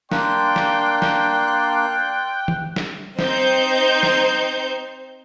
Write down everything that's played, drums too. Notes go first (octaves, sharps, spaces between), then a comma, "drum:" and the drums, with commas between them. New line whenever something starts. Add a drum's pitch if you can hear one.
A#3 D4 A#4 D5 F5 G5 C6 F#6, drum: snare
drum: snare
drum: snare
drum: tom E3
drum: snare
C4 D#4 C5 G6, drum: snare
drum: snare